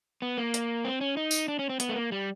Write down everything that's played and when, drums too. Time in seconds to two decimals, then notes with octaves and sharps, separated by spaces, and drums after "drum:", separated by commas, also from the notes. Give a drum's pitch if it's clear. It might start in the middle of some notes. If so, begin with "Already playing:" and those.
0.22 B3
0.38 A#3
0.54 drum: hi-hat
0.85 C4
1.01 C#4
1.17 D#4
1.31 drum: tambourine
1.48 D4
1.59 C#4
1.69 C4
1.80 B3, drum: hi-hat
1.89 A3
1.96 A#3
2.12 G3